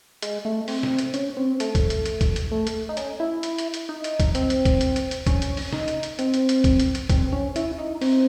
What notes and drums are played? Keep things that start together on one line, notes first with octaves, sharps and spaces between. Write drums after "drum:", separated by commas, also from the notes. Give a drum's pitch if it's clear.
G#3, drum: hi-hat
A3
C4, drum: open hi-hat
drum: snare
drum: hi-hat
C#4, drum: hi-hat
C4
A3, drum: hi-hat
drum: kick, hi-hat
drum: hi-hat
drum: hi-hat
drum: kick, hi-hat
drum: hi-hat
A3
drum: hi-hat
D#4
C#4, drum: hi-hat
E4
drum: hi-hat
drum: hi-hat
drum: hi-hat
D#4
drum: hi-hat
drum: kick, hi-hat
C4, drum: hi-hat
drum: hi-hat
drum: kick, hi-hat
drum: hi-hat
drum: hi-hat
drum: hi-hat
C#4, drum: kick, hi-hat
drum: hi-hat
drum: open hi-hat
D#4, drum: snare
drum: hi-hat
drum: hi-hat
C4, drum: hi-hat
drum: hi-hat
drum: hi-hat
drum: kick, hi-hat
drum: hi-hat
drum: hi-hat
C4, drum: kick, hi-hat
C#4
E4, drum: hi-hat
D#4
C4, drum: open hi-hat